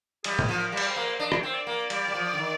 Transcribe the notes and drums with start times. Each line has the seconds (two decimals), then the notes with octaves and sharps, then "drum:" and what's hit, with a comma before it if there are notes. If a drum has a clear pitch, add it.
0.24 G3 G#4, drum: cymbal
0.39 drum: tom A2
0.48 F3
0.56 A#4
0.72 G3
0.77 D5, drum: cymbal
0.88 C5
0.96 A#3
1.20 D4 D#5
1.32 D5, drum: rim click
1.42 C4 C5
1.53 D5
1.67 A#3
1.90 G3, drum: cymbal
2.08 G3
2.14 F3
2.33 D3
2.38 D#3